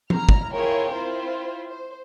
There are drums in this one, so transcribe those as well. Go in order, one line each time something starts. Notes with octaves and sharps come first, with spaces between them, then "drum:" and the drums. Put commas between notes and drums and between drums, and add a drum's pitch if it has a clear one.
E4 A#5 F6, drum: tom
drum: kick
E4 F4 G#4 A#4 C#5 G5
C4 E4 F4 C5
C5